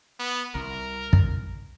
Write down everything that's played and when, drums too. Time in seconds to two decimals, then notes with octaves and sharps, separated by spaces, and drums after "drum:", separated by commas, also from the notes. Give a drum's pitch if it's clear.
0.19 B3
0.55 C2 A#4
1.13 drum: kick